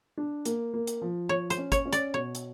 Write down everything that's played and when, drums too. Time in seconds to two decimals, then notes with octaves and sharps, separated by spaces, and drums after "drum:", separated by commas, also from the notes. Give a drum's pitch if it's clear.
0.17 D4
0.45 A#3, drum: hi-hat
0.74 A#3
0.87 drum: hi-hat
1.02 F3
1.29 F3 C#5
1.50 C5, drum: hi-hat
1.57 C#4
1.72 C#5, drum: kick, hi-hat
1.86 C#4
1.93 D5, drum: hi-hat
2.14 B2 C#5
2.35 drum: hi-hat